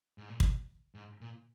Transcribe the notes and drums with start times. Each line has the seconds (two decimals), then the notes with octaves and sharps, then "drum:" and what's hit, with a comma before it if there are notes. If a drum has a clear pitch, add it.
0.18 G#2
0.29 A#2
0.40 B2, drum: kick
0.95 G#2
1.21 A#2